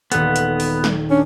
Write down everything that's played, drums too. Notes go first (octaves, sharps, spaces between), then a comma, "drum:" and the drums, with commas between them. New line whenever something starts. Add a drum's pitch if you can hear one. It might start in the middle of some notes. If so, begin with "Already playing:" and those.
D#1 B3 A4, drum: hi-hat
drum: hi-hat
drum: open hi-hat
drum: snare
C#4 D4